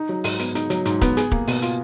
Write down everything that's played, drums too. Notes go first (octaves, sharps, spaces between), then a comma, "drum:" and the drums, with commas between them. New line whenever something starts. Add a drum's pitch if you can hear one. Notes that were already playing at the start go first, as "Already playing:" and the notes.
Already playing: D#4
F#3
G#2, drum: open hi-hat
B3, drum: hi-hat
D#4, drum: hi-hat
F#3, drum: hi-hat
G#2, drum: hi-hat
B3, drum: kick, hi-hat
G#4, drum: hi-hat
A#3, drum: kick
B2, drum: open hi-hat
F4, drum: hi-hat